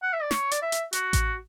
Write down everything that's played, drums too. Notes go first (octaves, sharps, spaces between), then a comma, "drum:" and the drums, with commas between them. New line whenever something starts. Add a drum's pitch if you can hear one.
F#5
E5
D5
C#5, drum: snare
D5, drum: hi-hat
E5
drum: hi-hat
F#4, drum: hi-hat
drum: kick A1, hi-hat